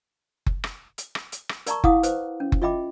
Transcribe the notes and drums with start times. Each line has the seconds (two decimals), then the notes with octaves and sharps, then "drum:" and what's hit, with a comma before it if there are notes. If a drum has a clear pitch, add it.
0.46 drum: kick F#1
0.64 drum: rim click
0.98 drum: hi-hat
1.15 drum: rim click
1.32 drum: hi-hat
1.49 drum: rim click
1.66 A#4 D5 A5 A#5 C#6, drum: hi-hat
1.84 E4 F5 F#5 D6 D#6, drum: kick F#1
2.03 B4 C5, drum: hi-hat
2.40 C#4
2.52 drum: kick F#1
2.62 F4 D#5 E5 G5 B5 D6